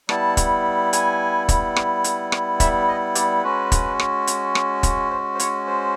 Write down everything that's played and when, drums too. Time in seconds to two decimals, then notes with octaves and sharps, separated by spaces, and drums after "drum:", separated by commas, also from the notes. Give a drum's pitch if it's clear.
0.09 G3 B3 E4 A5, drum: rim click
0.37 drum: kick, hi-hat
0.93 G#5, drum: hi-hat
1.49 drum: kick, hi-hat
1.76 drum: rim click
2.04 drum: hi-hat
2.32 drum: rim click
2.60 E5, drum: kick, hi-hat
2.88 D#5
3.15 D5, drum: hi-hat
3.43 G#3 C#4 F#4 B4
3.72 drum: kick, hi-hat
3.99 drum: rim click
4.27 drum: hi-hat
4.55 drum: rim click
4.83 drum: kick, hi-hat
5.11 C5
5.35 C5
5.39 C#5, drum: hi-hat
5.67 C5